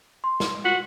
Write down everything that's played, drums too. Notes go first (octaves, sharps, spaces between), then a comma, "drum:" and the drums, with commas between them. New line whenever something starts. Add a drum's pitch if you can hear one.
C6
drum: snare
F4 F#4 B6 F#7